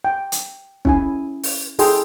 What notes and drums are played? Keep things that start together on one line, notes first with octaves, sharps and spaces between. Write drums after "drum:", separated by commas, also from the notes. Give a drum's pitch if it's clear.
G5
drum: hi-hat
C#4 E4 G#5, drum: kick
drum: open hi-hat
E4 G#4 A4 G5 C6, drum: open hi-hat